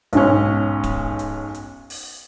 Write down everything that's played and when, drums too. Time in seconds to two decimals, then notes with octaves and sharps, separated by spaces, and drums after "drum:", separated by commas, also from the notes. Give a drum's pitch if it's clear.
0.13 B1 G#2 C#4, drum: hi-hat
0.84 drum: kick D1, hi-hat
1.19 drum: hi-hat
1.54 drum: hi-hat
1.90 drum: open hi-hat